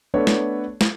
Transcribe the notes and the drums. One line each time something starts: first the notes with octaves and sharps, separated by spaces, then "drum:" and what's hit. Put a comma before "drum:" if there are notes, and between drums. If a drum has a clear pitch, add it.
A3 B3 D4 B4 C#5
drum: snare
drum: snare